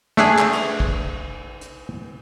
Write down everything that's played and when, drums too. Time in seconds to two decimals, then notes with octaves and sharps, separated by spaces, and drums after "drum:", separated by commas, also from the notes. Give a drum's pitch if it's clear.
0.17 A3 D4 G#4, drum: snare
0.38 drum: clap
0.53 drum: cymbal
0.80 drum: kick
1.61 drum: hi-hat